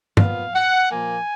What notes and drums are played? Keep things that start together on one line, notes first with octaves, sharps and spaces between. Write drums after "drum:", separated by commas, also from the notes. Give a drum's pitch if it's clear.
A#2 F3 B3 F5, drum: tom G2
F#5
A#2 F3 A#3 G#5